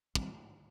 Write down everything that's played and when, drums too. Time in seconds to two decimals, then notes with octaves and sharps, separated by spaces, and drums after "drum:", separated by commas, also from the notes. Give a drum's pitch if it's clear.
0.15 D#3 G3 C4, drum: kick